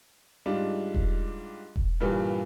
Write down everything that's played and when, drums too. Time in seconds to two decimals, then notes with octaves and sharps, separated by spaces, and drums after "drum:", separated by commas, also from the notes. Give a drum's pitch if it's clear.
0.46 G#2 G3 D4 F4
0.94 drum: kick E1
1.76 drum: kick E1
2.00 G2 A#2 E3 G3